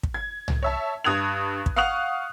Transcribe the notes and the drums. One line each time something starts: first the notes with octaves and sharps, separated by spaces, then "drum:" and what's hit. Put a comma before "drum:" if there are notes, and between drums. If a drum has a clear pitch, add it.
drum: kick
G#6
drum: tom C2
C#5 E5 A5
G2 D#6 F#6 G#6 F7
drum: kick
F5 F#5 C#6 D#6 F#6 F7